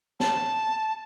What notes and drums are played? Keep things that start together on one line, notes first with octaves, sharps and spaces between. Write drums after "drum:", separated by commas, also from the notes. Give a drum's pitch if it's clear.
A5, drum: snare